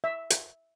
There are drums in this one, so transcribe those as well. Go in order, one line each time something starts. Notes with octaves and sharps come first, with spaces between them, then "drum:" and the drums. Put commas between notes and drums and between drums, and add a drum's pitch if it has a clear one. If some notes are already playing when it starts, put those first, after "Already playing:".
E5
drum: hi-hat